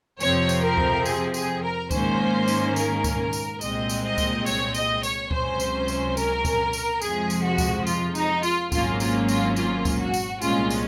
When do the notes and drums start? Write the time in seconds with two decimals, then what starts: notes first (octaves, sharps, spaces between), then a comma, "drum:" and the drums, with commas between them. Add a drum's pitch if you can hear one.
0.20 F2 C3 F3 C4 C#5, drum: tambourine
0.49 drum: tambourine
0.63 A#4
0.77 drum: kick C#2
1.06 G#4, drum: tambourine
1.34 G#4, drum: tambourine
1.63 A#4
1.91 G#2 D#3 A#3 C#4 C5, drum: kick C#2, tambourine
2.48 drum: tambourine
2.76 A#4, drum: tambourine
3.04 drum: kick C#2, tambourine
3.33 drum: tambourine
3.61 C2 A#2 G#3 C4 D#5, drum: tambourine
3.89 drum: tambourine
4.04 D#5
4.18 drum: kick C#2, tambourine
4.46 C#5, drum: tambourine
4.74 D#5, drum: tambourine
5.03 C#5, drum: tambourine
5.31 C#2 C3 F#3 C#4 C5, drum: kick C#2
5.60 drum: tambourine
5.88 drum: tambourine
6.17 A#4, drum: tambourine
6.45 drum: kick C#2, tambourine
6.73 drum: tambourine
7.02 F2 C3 F3 G#3 G#4, drum: tambourine
7.30 drum: tambourine
7.44 F#4
7.58 drum: kick C#2, tambourine
7.87 F4, drum: tambourine
8.15 D#4, drum: tambourine
8.43 F4, drum: tambourine
8.72 G#1 G#2 F#3 A#3 C#4 F4, drum: kick C#2, tambourine
9.00 F4, drum: tambourine
9.29 F4, drum: tambourine
9.56 F4, drum: tambourine
9.85 drum: kick C#2, tambourine
9.99 F#4
10.14 drum: tambourine
10.42 C2 A#2 G#3 C#4 F4, drum: tambourine
10.70 drum: tambourine